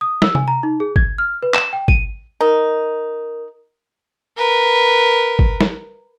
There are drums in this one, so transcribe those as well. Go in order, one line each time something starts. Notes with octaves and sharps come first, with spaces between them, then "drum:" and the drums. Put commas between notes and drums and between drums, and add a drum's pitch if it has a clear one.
D#6
E6, drum: snare
G#5, drum: tom C3
A#5
D#4
G#4
G#6, drum: kick G#1
F6
B4
E7, drum: clap
G5
D#7, drum: kick G#1
D#4 A#4
A#4 B4
drum: kick G#1
drum: snare